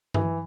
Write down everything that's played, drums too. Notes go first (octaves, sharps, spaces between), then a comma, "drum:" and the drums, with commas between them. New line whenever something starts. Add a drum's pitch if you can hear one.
E3, drum: tom G2